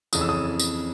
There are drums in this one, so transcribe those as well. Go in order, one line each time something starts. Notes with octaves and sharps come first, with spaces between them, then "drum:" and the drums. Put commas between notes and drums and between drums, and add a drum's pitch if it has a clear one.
F2 C#3 E3 D#6, drum: tambourine
E6
D#6
drum: tambourine